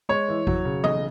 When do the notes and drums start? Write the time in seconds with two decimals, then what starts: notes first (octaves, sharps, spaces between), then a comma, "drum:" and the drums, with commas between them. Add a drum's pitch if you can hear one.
0.09 G#3 C#5
0.28 E3
0.47 F#3, drum: kick
0.65 C#3
0.84 B1 D#5, drum: tom E3